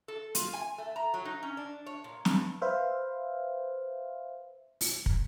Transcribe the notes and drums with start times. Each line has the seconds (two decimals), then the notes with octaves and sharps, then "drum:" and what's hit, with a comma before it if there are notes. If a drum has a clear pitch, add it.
0.08 A4
0.35 F4, drum: hi-hat
0.53 G#5
0.78 A3
0.96 A#5
1.14 F#3
1.25 D#4
1.43 C#4
1.57 D4
1.86 C#5
2.04 A#2
2.25 G2, drum: snare
2.62 B4 C5 E5 F5
4.81 drum: open hi-hat
5.06 drum: kick